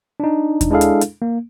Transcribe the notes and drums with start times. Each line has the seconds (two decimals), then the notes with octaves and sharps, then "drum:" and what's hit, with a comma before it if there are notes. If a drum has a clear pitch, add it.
0.20 D4 D#4
0.61 drum: kick D#2, hi-hat
0.71 G#3 D4 E4 G#4 A4 F5
0.81 drum: hi-hat
1.01 drum: hi-hat
1.22 A#3